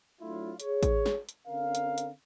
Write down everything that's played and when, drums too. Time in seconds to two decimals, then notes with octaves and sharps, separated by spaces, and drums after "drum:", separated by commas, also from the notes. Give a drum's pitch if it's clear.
0.21 F#3 A3 D4 E4 F4
0.60 G#4 C#5, drum: hi-hat
0.83 drum: kick A1, hi-hat
1.06 drum: snare
1.29 drum: hi-hat
1.48 D3 C4 C#4 A#4 F5
1.75 drum: hi-hat
1.98 drum: hi-hat